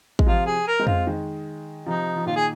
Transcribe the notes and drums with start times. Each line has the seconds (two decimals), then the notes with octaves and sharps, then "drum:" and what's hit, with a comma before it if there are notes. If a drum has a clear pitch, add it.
0.19 G#3, drum: kick
0.26 C3 F3 F4
0.46 G#4
0.67 A#4
0.79 G#3 C4
0.87 F4, drum: tom F2
1.07 D#3 G#3
1.86 C3 F3 D#4
2.16 F3
2.26 A#2 D#3 F4
2.36 G#4